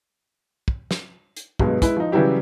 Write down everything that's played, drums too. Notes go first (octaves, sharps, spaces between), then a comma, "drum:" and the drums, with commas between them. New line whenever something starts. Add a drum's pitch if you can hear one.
drum: kick
drum: snare
drum: hi-hat
G2 B2 F#3 G#3, drum: kick
G#3 E4 B4, drum: kick, hi-hat
F3 D#4
C#3 E3 F#3 G3 E4 G4